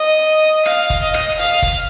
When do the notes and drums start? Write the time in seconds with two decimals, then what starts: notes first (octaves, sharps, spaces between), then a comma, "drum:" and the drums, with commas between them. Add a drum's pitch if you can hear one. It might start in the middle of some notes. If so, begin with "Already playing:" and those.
Already playing: D#5
0.66 F5, drum: rim click
0.90 drum: kick, hi-hat
1.02 D#5
1.14 drum: rim click
1.39 F5, drum: open hi-hat
1.62 drum: kick, hi-hat